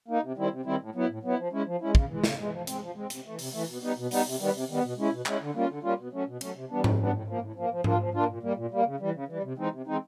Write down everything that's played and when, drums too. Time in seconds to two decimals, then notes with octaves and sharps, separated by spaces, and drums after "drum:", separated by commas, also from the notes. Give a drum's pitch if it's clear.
0.08 A#3 D#4
0.23 C3
0.38 D#3 G3 C4 E4
0.51 C3
0.65 D#3 G3 C4 E4
0.80 A2
0.95 F#3 B3 E4
1.09 A2
1.23 F#3 B3 E4
1.38 F3
1.52 G#3 C#4 E4
1.66 F3
1.81 G#3 C#4 E4
1.95 C#3, drum: kick
2.09 E3 G#3
2.24 C#3, drum: snare
2.39 E3 G#3
2.52 F3
2.67 G#3 C4, drum: hi-hat
2.81 F3
2.95 G#3 C4
3.10 C3, drum: hi-hat
3.25 E3 A3
3.39 C3, drum: open hi-hat
3.53 E3 A3
3.68 B2
3.82 G3 B3 D#4
3.97 B2
4.11 G3 B3 D#4, drum: open hi-hat
4.26 C3
4.40 D#3 G3 B3
4.54 C3
4.69 D#3 G3 B3
4.83 B2
4.98 G#3 C#4 E4
5.12 B2
5.26 G#3 C#4 E4, drum: clap
5.41 D3
5.55 G3 A#3 C#4 F4
5.69 D3
5.83 G3 A#3 C#4 F4
5.98 B2
6.13 F#3 A3 C#4
6.27 B2
6.41 F#3 A3 C#4, drum: hi-hat
6.55 C3
6.70 E3 G3 B3 D4
6.84 C3, drum: tom G#2
6.98 E3 G3 B3 D4
7.13 A2
7.27 F3 A#3
7.42 A2
7.56 F3 A#3
7.71 F3
7.84 A#3 D4 F4, drum: tom G#2
8.00 F3
8.14 A#3 D4 F4
8.29 A#2
8.43 G3 A#3
8.56 A#2
8.71 G3 A#3
8.86 C#3
9.00 E3 G3
9.14 C#3
9.28 E3 G3
9.43 C3
9.58 E3 G#3 C4 D#4
9.72 C3
9.86 E3 G#3 C4 D#4